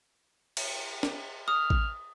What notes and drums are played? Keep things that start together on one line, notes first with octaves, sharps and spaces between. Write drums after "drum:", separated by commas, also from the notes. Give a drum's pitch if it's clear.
drum: cymbal
drum: snare
D#6 F6
drum: kick A1